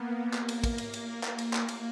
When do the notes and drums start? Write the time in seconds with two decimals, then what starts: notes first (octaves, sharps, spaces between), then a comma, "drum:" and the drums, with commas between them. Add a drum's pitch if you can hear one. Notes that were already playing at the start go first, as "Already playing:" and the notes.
Already playing: A#3 B3
0.34 A#3, drum: clap
0.49 drum: cymbal
0.64 drum: kick, cymbal
0.78 A#3, drum: cymbal
0.94 drum: cymbal
1.24 drum: clap
1.38 drum: cymbal
1.53 drum: clap
1.68 drum: cymbal